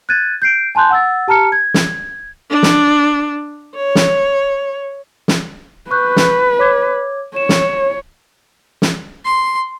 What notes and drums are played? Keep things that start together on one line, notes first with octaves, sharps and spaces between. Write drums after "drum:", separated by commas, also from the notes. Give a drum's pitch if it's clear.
F#6 G#6 A6 D#7
G6 C7 D7
G#5 A5 C6 F#6 G6
F#5 E6 A6
G4 A5 A#5 F6 C#7
G#6
drum: snare
D4
drum: snare
C#5
drum: snare
drum: snare
B4 C#6 F#6 G6
drum: snare
C#5 D6 G#6
C#5 E7
drum: snare
drum: snare
C6